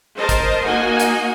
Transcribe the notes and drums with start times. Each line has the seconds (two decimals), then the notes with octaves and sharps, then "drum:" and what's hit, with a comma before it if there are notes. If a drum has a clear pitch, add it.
0.17 A#4 C5 D#5 A5
0.29 drum: kick, hi-hat
0.64 A#3 D#4 F#4 D#5 F#5 G#5
1.00 drum: hi-hat